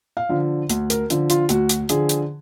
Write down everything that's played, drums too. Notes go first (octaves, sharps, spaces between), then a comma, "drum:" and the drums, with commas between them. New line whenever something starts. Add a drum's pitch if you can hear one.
F5
D3 F3
D2, drum: hi-hat
A#4, drum: hi-hat
D3 F3, drum: hi-hat
F4, drum: hi-hat
D2 F#4, drum: hi-hat
drum: hi-hat
D3 F3 G#4, drum: hi-hat
drum: hi-hat